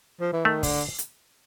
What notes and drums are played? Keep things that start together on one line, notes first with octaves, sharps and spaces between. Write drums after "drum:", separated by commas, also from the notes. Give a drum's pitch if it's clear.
F3
E3
D#3 A3
D3, drum: kick, open hi-hat
drum: hi-hat